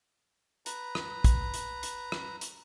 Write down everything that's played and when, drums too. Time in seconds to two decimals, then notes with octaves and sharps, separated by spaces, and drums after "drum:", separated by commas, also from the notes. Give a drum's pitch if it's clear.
0.66 B4 A#5, drum: hi-hat
0.95 drum: rim click
1.24 drum: kick, hi-hat
1.54 drum: hi-hat
1.83 drum: hi-hat
2.12 drum: rim click
2.41 drum: hi-hat